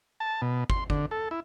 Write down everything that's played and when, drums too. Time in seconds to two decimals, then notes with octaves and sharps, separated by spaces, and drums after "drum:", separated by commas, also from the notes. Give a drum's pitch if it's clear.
0.20 A5
0.42 B2
0.70 C6, drum: kick
0.90 D3, drum: kick
1.11 A4
1.31 E4